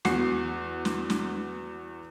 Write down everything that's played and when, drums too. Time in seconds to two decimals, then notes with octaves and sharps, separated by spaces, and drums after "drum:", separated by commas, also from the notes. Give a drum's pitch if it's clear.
0.05 E2 F#4 C7, drum: snare
0.85 drum: snare
1.10 drum: snare